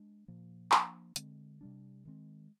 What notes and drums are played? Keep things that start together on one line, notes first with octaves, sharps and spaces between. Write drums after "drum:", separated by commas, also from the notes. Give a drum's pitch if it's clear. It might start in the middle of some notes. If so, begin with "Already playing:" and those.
Already playing: G#3 D4
A#2 F3 A#3
F3 A#3 D4, drum: clap
D3 G#3 C4, drum: hi-hat
C3 G3 D4
D#3 G#3 C4